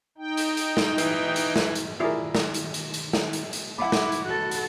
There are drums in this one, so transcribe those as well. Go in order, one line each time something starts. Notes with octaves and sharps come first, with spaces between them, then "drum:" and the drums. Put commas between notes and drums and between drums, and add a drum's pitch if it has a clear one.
D#4 G5
drum: hi-hat
drum: hi-hat
drum: snare
E3, drum: hi-hat
drum: hi-hat
drum: snare
drum: hi-hat
D#2 E4 F4 G#4 A#4 D5
drum: snare
drum: hi-hat
drum: hi-hat
drum: hi-hat
drum: snare
drum: hi-hat
drum: hi-hat
E4 F#5 B5 D6
drum: snare
drum: hi-hat
F#4 A4 F#6
drum: hi-hat